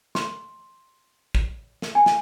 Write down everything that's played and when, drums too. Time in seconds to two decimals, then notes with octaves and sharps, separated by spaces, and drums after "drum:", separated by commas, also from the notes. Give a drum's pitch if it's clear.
0.15 C6, drum: snare
1.35 drum: kick
1.82 drum: snare
1.95 G#5
2.06 drum: snare